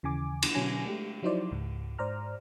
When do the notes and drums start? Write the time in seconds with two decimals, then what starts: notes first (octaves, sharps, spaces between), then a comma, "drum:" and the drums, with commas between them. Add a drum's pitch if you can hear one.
0.03 D#2 C#3 E3 G#5 D6
0.42 drum: cymbal
0.54 B2 D3 F#3 C#4 G#5 A#6
0.86 G#3 A3 G4
1.22 F3 F#3 D#4 E4 C5 D5
1.51 C#2 G#2
1.99 G#2 C5 D5 A#5 F6